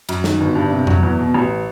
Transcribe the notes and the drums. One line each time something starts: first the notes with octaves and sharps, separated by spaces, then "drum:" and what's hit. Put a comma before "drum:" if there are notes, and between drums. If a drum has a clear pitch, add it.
F#2, drum: cymbal
D#3, drum: snare
G1
G2
C3
F#3, drum: tom F2
E2
B2
A1